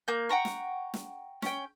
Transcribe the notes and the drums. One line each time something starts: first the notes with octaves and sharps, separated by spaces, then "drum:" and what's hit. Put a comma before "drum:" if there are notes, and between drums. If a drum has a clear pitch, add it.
A#3 G6
F#5 G5 A#5 C#6
drum: snare
drum: snare
C#4 G5, drum: snare